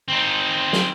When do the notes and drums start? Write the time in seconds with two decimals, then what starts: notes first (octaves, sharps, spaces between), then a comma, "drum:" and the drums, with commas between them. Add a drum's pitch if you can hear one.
0.08 C4 D#4
0.73 drum: snare